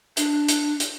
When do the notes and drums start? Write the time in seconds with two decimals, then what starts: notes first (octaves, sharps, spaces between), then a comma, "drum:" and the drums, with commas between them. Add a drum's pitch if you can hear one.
0.17 D4, drum: hi-hat
0.48 drum: hi-hat
0.80 drum: hi-hat